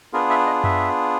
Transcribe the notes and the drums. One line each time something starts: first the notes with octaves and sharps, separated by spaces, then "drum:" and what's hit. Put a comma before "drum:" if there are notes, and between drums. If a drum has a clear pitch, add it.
B3 D4 F4 G#4 A#4
E5
D#5
E5, drum: tom F#2